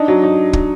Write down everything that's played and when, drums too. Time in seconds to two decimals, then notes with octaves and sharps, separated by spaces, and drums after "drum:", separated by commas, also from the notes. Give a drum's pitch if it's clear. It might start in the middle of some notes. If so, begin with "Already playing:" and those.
Already playing: D4 D#4
0.08 F#3
0.23 D#4
0.53 drum: kick